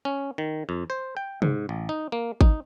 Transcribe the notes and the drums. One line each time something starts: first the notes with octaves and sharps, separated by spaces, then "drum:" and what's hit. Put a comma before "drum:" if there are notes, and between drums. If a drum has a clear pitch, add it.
C#4
D#3
F2
C5
G5
G#2, drum: tom C3
A1
D#4
A#3
D#4, drum: kick G#1